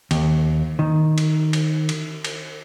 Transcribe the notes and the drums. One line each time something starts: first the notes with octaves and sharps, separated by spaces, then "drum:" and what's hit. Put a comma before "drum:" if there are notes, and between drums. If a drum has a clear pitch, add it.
D#2, drum: cymbal
D#3
drum: cymbal
drum: cymbal
drum: cymbal
drum: cymbal